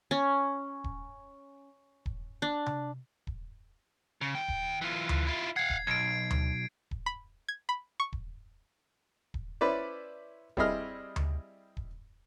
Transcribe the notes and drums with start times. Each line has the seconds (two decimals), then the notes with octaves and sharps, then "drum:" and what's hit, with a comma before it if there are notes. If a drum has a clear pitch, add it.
0.11 C#4
0.84 drum: kick D#1
2.06 drum: kick D#1
2.42 D4
2.66 drum: tom C3
3.27 drum: kick D#1
4.21 C#3
4.35 D#2 G5
4.48 drum: kick D#1
4.81 E3 F4
5.09 drum: tom D2
5.27 E4 F4
5.56 F5 F#5 G#6 C7
5.70 drum: kick D#1
5.87 B1 G#6 D7
6.30 drum: tom D2
6.91 drum: kick D#1
7.06 B5
7.49 G#6
7.69 B5
8.00 C#6
8.13 drum: kick D#1
9.34 drum: kick D#1
9.61 C#4 E4 B4 C5 D5
10.57 G3 C4 E4 G#4 D#5 F6, drum: kick D#1
11.16 drum: tom D2
11.77 drum: kick D#1